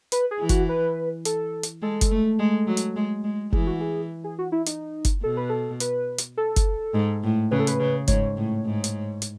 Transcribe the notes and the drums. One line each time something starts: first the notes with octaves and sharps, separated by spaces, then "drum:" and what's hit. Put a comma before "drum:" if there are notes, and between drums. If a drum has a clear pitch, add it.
B4, drum: hi-hat
G#4
E3
F#4, drum: kick F#1, hi-hat
B4
A4, drum: hi-hat
drum: hi-hat
G#3 A4
drum: kick F#1, hi-hat
A3
G#3
F#3
drum: hi-hat
G#3
G#3
E3 G#4, drum: kick F#1
F#4
G#4
G#4
F#4
E4
D#4, drum: hi-hat
drum: kick F#1, hi-hat
B2 A4
B4
A4
B4, drum: hi-hat
drum: hi-hat
A4
drum: kick F#1, hi-hat
G#2
A2
C#3 B4
A4
B4, drum: hi-hat
C#3
G#2 C#5, drum: kick F#1, hi-hat
A2
G#2
drum: hi-hat
drum: hi-hat